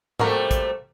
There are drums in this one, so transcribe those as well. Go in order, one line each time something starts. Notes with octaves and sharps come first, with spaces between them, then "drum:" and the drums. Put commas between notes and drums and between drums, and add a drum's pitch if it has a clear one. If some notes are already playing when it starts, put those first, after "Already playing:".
C3 G3 A3 A#3 F#4 A#4, drum: tom G#2
drum: kick, hi-hat